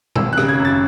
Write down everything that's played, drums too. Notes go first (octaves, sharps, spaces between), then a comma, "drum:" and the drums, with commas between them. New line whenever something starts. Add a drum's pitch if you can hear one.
G#1 E6, drum: tom B2
F#6
C#3, drum: rim click
G#6
F#2
A6